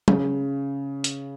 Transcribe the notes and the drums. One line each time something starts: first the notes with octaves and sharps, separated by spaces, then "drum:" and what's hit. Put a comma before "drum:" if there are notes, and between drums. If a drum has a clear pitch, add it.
C#3, drum: tom
drum: hi-hat